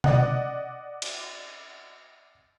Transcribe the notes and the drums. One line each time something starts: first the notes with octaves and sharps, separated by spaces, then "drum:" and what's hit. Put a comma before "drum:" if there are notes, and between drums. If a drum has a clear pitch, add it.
D5 D#5 F#5, drum: tom B2
drum: cymbal